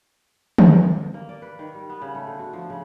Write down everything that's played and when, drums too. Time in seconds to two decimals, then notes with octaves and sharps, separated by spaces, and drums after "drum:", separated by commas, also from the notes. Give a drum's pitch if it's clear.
0.58 drum: tom D3
1.14 A#3
1.29 D5
1.42 B4
1.59 D#3
1.75 G3
1.90 B3
2.02 C#3
2.15 A3
2.28 D3
2.39 F#4
2.53 F3
2.70 C#3